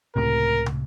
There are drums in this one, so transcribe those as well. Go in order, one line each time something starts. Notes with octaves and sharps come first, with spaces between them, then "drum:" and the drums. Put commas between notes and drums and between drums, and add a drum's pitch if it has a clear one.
C#2 A2 C3 A#4
drum: tom